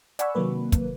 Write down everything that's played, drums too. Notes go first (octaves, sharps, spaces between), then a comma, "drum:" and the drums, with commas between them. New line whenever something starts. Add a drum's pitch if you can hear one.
D5 F#5 G#5 B5 C#6 E6, drum: hi-hat
C3 D#3 F#3 A#3 B4
drum: kick, hi-hat